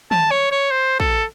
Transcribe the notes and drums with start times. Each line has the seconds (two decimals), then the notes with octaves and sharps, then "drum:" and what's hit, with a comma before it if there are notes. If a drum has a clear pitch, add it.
0.11 A5, drum: tom
0.31 C#5
0.51 C#5
0.71 C5
1.00 A4, drum: kick